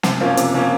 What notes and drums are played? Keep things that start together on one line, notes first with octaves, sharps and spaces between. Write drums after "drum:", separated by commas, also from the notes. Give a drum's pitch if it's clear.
C3, drum: snare
F3 A#3 C#4
C3, drum: hi-hat
F3 A#3 C#4